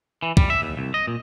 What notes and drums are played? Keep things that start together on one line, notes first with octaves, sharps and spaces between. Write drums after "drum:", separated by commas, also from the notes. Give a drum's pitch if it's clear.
E3
G3, drum: kick
E5
D#2
C2
D#5
A#2